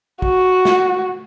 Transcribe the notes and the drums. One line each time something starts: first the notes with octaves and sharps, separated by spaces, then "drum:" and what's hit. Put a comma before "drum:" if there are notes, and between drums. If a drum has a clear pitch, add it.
F#4, drum: kick
drum: snare